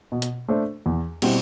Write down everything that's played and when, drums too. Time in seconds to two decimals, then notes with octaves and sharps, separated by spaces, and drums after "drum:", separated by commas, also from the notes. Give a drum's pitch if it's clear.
0.12 B2
0.22 drum: hi-hat
0.48 A3 D4 A4 C5
0.86 E2
1.22 B2 G3 C4 E4, drum: cymbal